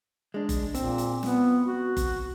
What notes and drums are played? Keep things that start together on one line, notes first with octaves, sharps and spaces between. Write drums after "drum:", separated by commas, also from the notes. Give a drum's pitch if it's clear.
G#3 D4
drum: kick F#1, hi-hat
A#2 C4, drum: hi-hat
drum: hi-hat
B3, drum: snare
F#4
drum: kick F#1, hi-hat